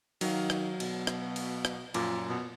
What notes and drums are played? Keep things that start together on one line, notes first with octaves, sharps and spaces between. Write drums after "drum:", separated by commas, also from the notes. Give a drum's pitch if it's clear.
D#3 F#3 F5, drum: cymbal
drum: rim click
B2, drum: cymbal
drum: rim click
drum: cymbal
drum: rim click
F#2 A#2 F3 D6, drum: cymbal
B2